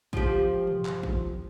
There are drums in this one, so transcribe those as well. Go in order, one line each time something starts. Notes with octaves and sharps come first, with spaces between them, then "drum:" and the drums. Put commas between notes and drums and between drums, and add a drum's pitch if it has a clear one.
F3 G4, drum: kick
drum: tom
drum: clap
drum: kick